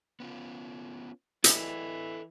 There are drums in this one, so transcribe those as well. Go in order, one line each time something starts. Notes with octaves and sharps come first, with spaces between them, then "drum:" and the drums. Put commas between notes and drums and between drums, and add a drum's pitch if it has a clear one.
B3 C#4 F4
E3 A4 D5 D#5, drum: hi-hat